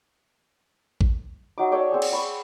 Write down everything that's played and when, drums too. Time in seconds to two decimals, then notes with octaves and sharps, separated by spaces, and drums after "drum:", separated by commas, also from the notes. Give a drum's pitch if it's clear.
1.01 drum: kick A1
1.58 F#3 D#4 D6
1.71 A4 C#5 D5 G5
1.92 C4 G#4
2.02 drum: cymbal
2.12 G5 B5 C#6